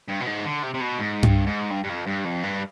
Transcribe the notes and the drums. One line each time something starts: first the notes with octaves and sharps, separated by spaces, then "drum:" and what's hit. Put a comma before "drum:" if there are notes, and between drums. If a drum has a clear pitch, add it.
G2
B2
G#2
D3
C3
C3
B2
G#2
G2, drum: tom G2
G#2
G2
G2
F2
G2
F2
G2